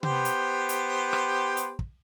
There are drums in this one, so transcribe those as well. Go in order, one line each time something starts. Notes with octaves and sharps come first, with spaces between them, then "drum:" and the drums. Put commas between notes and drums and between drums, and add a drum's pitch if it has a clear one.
B3 G4 C5, drum: tom C3
drum: hi-hat
drum: hi-hat
drum: rim click
drum: hi-hat
drum: kick